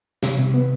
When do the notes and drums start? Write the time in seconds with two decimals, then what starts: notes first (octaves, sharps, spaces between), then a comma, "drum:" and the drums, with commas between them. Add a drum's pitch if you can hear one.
0.23 C3, drum: snare
0.38 C3
0.54 B3